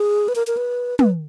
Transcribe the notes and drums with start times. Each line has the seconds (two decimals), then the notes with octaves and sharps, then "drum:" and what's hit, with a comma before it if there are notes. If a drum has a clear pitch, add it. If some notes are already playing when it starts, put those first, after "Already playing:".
Already playing: G#4
0.28 B4
0.35 A#4
0.47 A#4
0.57 B4
0.99 B4, drum: tom